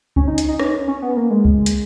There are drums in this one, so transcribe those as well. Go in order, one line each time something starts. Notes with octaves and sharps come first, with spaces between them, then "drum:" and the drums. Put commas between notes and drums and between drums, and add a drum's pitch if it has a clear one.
C#4, drum: kick C#2
D#4
drum: hi-hat
D#4
C#4, drum: rim click
C#4
B3
A#3
G#3
drum: kick C#2
drum: hi-hat